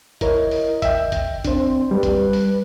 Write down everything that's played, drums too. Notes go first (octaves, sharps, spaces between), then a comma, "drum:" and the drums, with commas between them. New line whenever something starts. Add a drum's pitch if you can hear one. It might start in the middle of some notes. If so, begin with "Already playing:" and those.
E4 A#4 C#5 D#5, drum: kick, hi-hat
drum: open hi-hat
E5 G5, drum: kick, hi-hat
drum: kick, hi-hat
C4 D4 C5, drum: kick, hi-hat
G3 B4
drum: kick, hi-hat
drum: open hi-hat